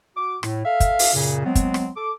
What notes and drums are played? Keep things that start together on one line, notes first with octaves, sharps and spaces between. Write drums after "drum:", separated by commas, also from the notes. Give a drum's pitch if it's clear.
F#4 D6
A2, drum: rim click
A4 E5 F5
drum: kick, hi-hat
drum: open hi-hat
F#2 A#2 C#3
F#3 G#3 B3 C4
drum: kick, hi-hat
drum: rim click
A4 D6